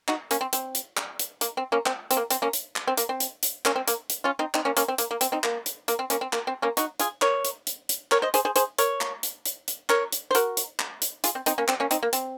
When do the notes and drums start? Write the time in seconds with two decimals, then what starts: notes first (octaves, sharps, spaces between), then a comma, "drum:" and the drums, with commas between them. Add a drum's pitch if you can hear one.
0.08 D#4 F#4, drum: clap
0.31 A#3 C#4, drum: hi-hat
0.41 C4
0.53 C4, drum: hi-hat
0.75 drum: hi-hat
0.97 drum: clap
1.19 drum: hi-hat
1.41 A#3, drum: hi-hat
1.57 C4
1.72 A#3 C#4
1.86 C4, drum: clap
2.11 C4, drum: hi-hat
2.17 A#3
2.30 C4, drum: hi-hat
2.42 A#3 C#4
2.53 drum: hi-hat
2.76 drum: clap
2.87 C4
2.97 A#3, drum: hi-hat
3.09 C4
3.20 drum: hi-hat
3.43 drum: hi-hat
3.65 A#3 C#4, drum: clap
3.76 C4
3.88 A#3, drum: hi-hat
4.10 drum: hi-hat
4.24 C#4 F4
4.39 C4 D#4
4.54 C4 D#4, drum: clap
4.65 A#3 C#4
4.77 A#3 C#4, drum: hi-hat
4.88 C4
4.98 A#3, drum: hi-hat
5.11 A#3
5.21 C4, drum: hi-hat
5.32 C4 D#4
5.44 A#3, drum: clap
5.66 drum: hi-hat
5.88 A#3, drum: hi-hat
5.99 C4
6.10 A#3 C#4, drum: hi-hat
6.21 C4
6.33 A#3, drum: clap
6.47 C4
6.62 A#3 C#4
6.77 D#4 F#4, drum: hi-hat
7.00 F4 G#4, drum: hi-hat
7.22 A#4 C#5, drum: clap
7.45 drum: hi-hat
7.67 drum: hi-hat
7.89 drum: hi-hat
8.12 A#4 C#5, drum: clap
8.22 C5 D#5
8.34 G#4 C5, drum: hi-hat
8.45 G#4 C5
8.56 G#4 C5, drum: hi-hat
8.78 A#4 C#5, drum: hi-hat
9.01 drum: clap
9.23 drum: hi-hat
9.45 drum: hi-hat
9.68 drum: hi-hat
9.90 A#4 C#5, drum: clap
10.12 drum: hi-hat
10.31 C5
10.35 F#4 A#4, drum: hi-hat
10.57 drum: hi-hat
10.79 drum: clap
11.02 drum: hi-hat
11.24 F4 G#4, drum: hi-hat
11.35 C4
11.46 C4 D#4, drum: hi-hat
11.58 A#3 C#4
11.68 C4, drum: clap
11.80 A#3 C#4
11.91 C4 D#4, drum: hi-hat
12.03 A#3
12.13 C4, drum: hi-hat